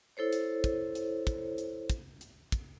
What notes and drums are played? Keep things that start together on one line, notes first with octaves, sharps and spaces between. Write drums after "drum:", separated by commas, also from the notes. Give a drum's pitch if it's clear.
E4 A4 C5 C#5
drum: hi-hat
drum: kick, hi-hat
drum: hi-hat
drum: kick, hi-hat
drum: hi-hat
drum: kick, hi-hat
drum: hi-hat
drum: kick, hi-hat